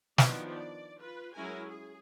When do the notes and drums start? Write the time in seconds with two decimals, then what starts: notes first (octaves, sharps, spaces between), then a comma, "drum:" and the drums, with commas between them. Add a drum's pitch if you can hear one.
0.18 D#3 F3 B3 D4 E4 F#4, drum: snare
0.51 D5
0.98 F4 B4
1.34 F#3 G#3 C#4 E4 A#4 G#5
1.68 G#4